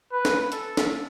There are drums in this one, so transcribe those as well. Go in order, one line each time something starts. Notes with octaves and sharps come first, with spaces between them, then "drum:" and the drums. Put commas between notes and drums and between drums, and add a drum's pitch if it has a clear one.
B4
drum: snare
A4, drum: hi-hat
drum: snare